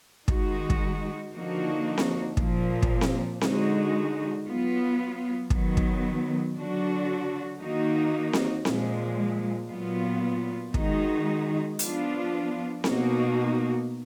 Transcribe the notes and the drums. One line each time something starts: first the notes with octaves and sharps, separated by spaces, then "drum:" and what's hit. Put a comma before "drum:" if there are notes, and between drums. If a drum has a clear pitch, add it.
D#3 G#3 D#4 F#4, drum: kick
drum: kick
D3 F3 A#3 D#4 F#4
drum: snare C4
A#2 F3 A#3, drum: kick
drum: kick
drum: snare C4
D3 G#3 D#4 F#4, drum: snare C4
F#3 B3 F4
D#3 F#3 B3, drum: kick
drum: kick
D3 F#3 D4 F#4
D#3 A#3 D#4 F#4
drum: snare C4
A#2 F3 G#3, drum: snare C4
A#2 F#3 B3 F4
D#3 G#3 D#4 F#4, drum: kick
F3 B3 D4 F4, drum: hi-hat
B2 A#3 D#4 F#4, drum: snare C4